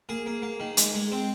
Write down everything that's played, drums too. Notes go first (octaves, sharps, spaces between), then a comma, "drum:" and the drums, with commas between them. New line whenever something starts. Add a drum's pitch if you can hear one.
A#3 G#4
A#3
A#3
D#3
G#3, drum: hi-hat
G#3
C4